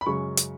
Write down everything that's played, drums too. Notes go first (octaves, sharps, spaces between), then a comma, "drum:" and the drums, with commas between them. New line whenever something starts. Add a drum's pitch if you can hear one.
B5
F#2 C#3 G#3 C#6
drum: hi-hat